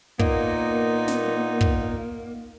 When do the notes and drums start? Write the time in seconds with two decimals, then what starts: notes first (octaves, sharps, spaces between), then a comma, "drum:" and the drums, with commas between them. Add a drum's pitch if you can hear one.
0.19 A#2 A#3 B3 D#4, drum: kick
1.08 drum: snare
1.61 drum: kick